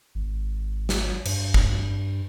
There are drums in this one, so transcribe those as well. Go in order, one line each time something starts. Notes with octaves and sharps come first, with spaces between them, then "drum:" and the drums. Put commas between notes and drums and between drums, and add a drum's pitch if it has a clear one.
G#1
drum: snare
G2, drum: cymbal
drum: kick